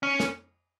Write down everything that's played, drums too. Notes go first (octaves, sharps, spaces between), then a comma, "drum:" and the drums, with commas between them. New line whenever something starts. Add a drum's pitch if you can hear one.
C#4
drum: snare